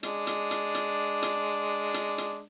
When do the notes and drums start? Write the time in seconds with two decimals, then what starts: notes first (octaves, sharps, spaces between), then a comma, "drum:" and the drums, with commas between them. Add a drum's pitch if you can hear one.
0.03 G#3 D4, drum: hi-hat
0.27 drum: hi-hat
0.51 drum: hi-hat
0.75 drum: hi-hat
1.22 drum: hi-hat
1.94 drum: hi-hat
2.18 drum: hi-hat